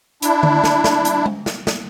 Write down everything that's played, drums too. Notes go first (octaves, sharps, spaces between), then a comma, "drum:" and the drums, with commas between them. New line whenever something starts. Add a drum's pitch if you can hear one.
D4 E4, drum: hi-hat
drum: tom D3
drum: snare
drum: snare
drum: hi-hat
drum: tom G#3
drum: snare
drum: snare